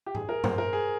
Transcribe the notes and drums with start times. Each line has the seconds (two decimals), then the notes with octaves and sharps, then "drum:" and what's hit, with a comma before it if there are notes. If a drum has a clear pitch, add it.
0.06 G4
0.15 G#4, drum: tom G#2
0.29 A#4
0.44 C5, drum: tom G2
0.58 A#4
0.73 G#4